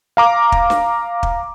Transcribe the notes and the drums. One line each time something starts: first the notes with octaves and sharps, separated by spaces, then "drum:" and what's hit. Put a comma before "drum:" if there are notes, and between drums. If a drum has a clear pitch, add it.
F5 A#5 D6
drum: kick
drum: snare
drum: kick